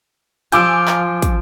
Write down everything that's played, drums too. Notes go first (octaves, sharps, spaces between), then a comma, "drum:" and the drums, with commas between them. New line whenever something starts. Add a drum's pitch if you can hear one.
F3 F4 G#5 D6 E6 G6 D7, drum: hi-hat
drum: clap
drum: kick, hi-hat